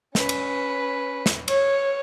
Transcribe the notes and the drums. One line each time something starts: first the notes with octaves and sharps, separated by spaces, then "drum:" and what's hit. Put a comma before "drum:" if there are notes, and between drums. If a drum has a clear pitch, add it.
C#4 B4, drum: snare
drum: cymbal
drum: snare
C#5, drum: cymbal